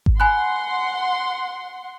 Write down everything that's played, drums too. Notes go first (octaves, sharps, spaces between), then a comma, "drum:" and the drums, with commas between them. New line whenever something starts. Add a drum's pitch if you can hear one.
drum: kick G#1
F#5 G#5 B5 C6 F#6